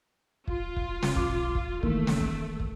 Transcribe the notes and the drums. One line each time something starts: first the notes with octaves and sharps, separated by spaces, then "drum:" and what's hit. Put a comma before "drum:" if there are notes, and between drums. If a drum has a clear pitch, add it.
F4, drum: kick
drum: kick
drum: snare
B1 F2 D6, drum: kick
drum: kick
D#3 E3 A3 A#3, drum: kick
drum: snare
drum: kick
drum: kick